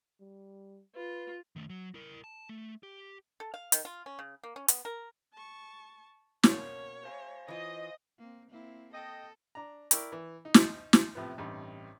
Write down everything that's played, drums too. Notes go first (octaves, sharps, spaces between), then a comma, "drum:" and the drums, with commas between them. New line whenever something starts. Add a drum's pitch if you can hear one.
G3
F4 B4
D#3 A3
F#3
E4 A#4
A5
A3
G4
A4
F5
D#3, drum: hi-hat
F4
C#4
C#3
A#3
C#4
B3, drum: hi-hat
A#4
A5 C#6
B2 A#3 C#4 C#5, drum: snare
C5 F5 G#5
E3 F4 D#5
A#3 C4
A#3 C4 E4
A4 D#5 G5
D4 A#5
E4 A#4 D5 G5 C#6, drum: hi-hat
E3
D#4
drum: snare
drum: snare
A2 C3 F3 B3
A1 G2 C3 D#4